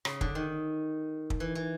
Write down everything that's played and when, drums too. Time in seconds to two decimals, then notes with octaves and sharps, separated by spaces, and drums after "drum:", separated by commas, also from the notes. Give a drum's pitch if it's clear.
0.05 C#3, drum: rim click
0.21 D3, drum: kick
0.35 D#3
1.30 drum: kick
1.40 E3
1.55 E3